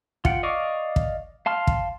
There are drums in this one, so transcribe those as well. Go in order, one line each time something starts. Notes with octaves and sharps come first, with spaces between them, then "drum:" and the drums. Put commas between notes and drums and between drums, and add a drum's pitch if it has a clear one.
F4 F#5 G5, drum: kick
D5 D#5 F5 C#6 D6
drum: kick
F5 A5 C6 F6
drum: kick